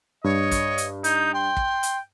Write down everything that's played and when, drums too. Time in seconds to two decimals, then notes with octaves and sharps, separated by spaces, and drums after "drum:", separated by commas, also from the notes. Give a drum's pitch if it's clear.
0.24 G2 C#5 D#5
0.51 drum: kick, hi-hat
0.78 drum: hi-hat
1.04 D#4 G6, drum: hi-hat
1.34 G5 C6
1.57 drum: kick
1.83 drum: hi-hat